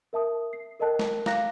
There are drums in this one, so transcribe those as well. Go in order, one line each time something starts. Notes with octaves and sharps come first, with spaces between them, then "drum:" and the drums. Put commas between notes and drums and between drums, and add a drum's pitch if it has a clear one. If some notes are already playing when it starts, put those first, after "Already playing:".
A#4 E5 A5 D#6
C7
A4 A#4 D#5 G5 A5 F#6
drum: snare
F5 A#5 D6 F#6 A#6, drum: snare